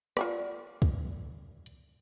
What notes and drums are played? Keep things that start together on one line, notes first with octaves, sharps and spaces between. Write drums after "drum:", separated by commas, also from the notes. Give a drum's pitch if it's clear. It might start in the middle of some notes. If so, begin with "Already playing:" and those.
F4 B4 D5, drum: rim click
drum: kick
drum: hi-hat